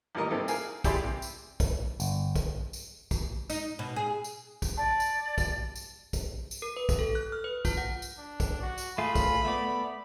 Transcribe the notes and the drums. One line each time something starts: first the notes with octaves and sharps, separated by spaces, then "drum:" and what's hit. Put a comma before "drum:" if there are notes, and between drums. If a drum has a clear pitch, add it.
A1 D#2 G3 A#4 D#5 A#5
C2 G2 C4 D#4 E4 A4
G#4 A#4 F5 G#5, drum: tambourine
E4 G4 G#4 D5 B5 C6, drum: kick, tambourine
C3
drum: tambourine
drum: kick, tambourine
G1, drum: tambourine
drum: kick, tambourine
drum: tambourine
drum: kick, tambourine
D#4, drum: tambourine
B2
G#4
drum: tambourine
drum: kick, tambourine
D5 A5
drum: tambourine
drum: kick, tambourine
drum: tambourine
drum: kick, tambourine
drum: tambourine
A#4
B4
drum: kick, tambourine
A4
F#6
F6
B4
F4, drum: kick, tambourine
F#5
drum: tambourine
D4
drum: kick, tambourine
F#4
drum: tambourine
A3 F4 G#4 B5
drum: kick, tambourine
A3 B3 D5